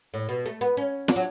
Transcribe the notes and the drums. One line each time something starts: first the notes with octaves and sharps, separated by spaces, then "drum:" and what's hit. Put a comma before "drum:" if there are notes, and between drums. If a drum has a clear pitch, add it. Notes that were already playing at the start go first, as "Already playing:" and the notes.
A2
B2
A3
B3
C#4
D4, drum: snare
F#3